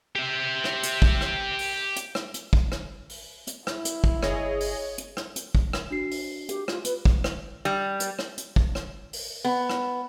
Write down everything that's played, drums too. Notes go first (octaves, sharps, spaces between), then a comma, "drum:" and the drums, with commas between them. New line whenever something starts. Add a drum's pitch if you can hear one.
G4 E5
drum: rim click
drum: hi-hat
drum: kick
drum: rim click
drum: open hi-hat
drum: hi-hat
drum: rim click
drum: hi-hat
drum: kick
drum: rim click
drum: open hi-hat
drum: hi-hat
E4, drum: rim click
drum: hi-hat
drum: kick
G1 G#4 C#5 D#5, drum: rim click
drum: open hi-hat
drum: hi-hat
drum: rim click
drum: hi-hat
drum: kick
drum: rim click
D4 F#4 C7
drum: open hi-hat
G4, drum: hi-hat
F4, drum: rim click
B4, drum: hi-hat
drum: kick
drum: rim click
G3
drum: hi-hat
drum: rim click
drum: hi-hat
drum: kick
drum: rim click
drum: open hi-hat
B3
drum: rim click